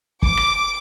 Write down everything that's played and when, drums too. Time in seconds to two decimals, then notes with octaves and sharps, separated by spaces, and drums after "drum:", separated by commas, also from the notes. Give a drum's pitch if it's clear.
0.22 D6, drum: kick
0.37 drum: rim click